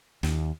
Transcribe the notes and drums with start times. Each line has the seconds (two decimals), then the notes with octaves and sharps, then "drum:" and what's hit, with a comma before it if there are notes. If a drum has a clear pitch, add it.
0.23 D#2, drum: snare